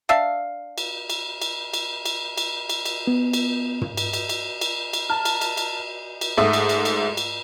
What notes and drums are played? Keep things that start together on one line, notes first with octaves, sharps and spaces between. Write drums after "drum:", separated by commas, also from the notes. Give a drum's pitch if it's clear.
D4 E5 F5
drum: cymbal
drum: cymbal
drum: cymbal
drum: cymbal
drum: cymbal
drum: cymbal
drum: cymbal
drum: cymbal
B3
drum: cymbal
drum: tom
drum: cymbal
drum: cymbal
drum: cymbal
drum: cymbal
drum: cymbal
A5 A#5 F6
drum: cymbal
drum: cymbal
drum: cymbal
drum: cymbal
G#2 A3 E5 D#6
drum: cymbal
drum: cymbal
drum: cymbal
drum: cymbal